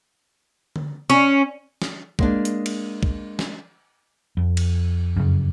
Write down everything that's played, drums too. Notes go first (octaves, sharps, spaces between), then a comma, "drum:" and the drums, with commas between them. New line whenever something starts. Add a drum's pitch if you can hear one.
drum: tom D3
C#4
drum: snare
G#3 A#3 D4, drum: kick
drum: hi-hat
drum: cymbal
drum: kick
drum: snare
F2
drum: cymbal
F#2 C#3